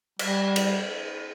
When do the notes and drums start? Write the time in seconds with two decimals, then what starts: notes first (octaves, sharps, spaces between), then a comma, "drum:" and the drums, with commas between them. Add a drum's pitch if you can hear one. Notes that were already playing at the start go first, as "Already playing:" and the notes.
0.19 G3, drum: cymbal
0.56 drum: cymbal